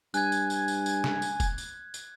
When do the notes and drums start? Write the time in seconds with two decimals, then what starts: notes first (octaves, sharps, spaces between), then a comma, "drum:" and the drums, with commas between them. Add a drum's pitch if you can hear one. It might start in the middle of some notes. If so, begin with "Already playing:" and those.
0.14 G2 G#5 F#6 G#6, drum: tambourine
0.32 drum: tambourine
0.50 drum: tambourine
0.68 drum: tambourine
0.86 drum: tambourine
1.04 drum: snare
1.22 drum: tambourine
1.40 drum: kick E1, tambourine
1.58 drum: tambourine
1.94 drum: tambourine